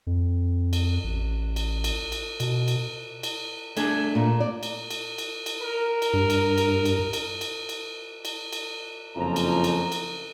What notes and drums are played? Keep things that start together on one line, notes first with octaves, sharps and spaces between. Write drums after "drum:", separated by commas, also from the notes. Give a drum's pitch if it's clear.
F2
drum: cymbal
A1
drum: cymbal
drum: cymbal
drum: cymbal
B2, drum: cymbal
drum: cymbal
drum: cymbal
A3 D4 G#4, drum: cymbal
A#2
D5
drum: cymbal
drum: cymbal
drum: cymbal
drum: cymbal
A#4
drum: cymbal
G2
drum: cymbal
drum: cymbal
drum: cymbal
drum: cymbal
drum: cymbal
drum: cymbal
drum: cymbal
drum: cymbal
F#1 F2 C#3 F3 A#5
drum: cymbal
drum: cymbal
drum: cymbal